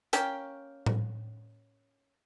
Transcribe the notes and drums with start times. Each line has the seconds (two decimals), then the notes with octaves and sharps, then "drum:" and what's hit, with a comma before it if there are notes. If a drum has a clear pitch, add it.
0.13 A#3 C#4 G5, drum: hi-hat
0.86 drum: tom A2